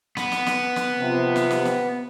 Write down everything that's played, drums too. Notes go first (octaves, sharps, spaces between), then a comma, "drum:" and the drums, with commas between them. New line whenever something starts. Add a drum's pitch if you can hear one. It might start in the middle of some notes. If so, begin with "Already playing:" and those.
B3, drum: snare
drum: snare
drum: snare
drum: snare
C3 F3
drum: snare
drum: snare
drum: snare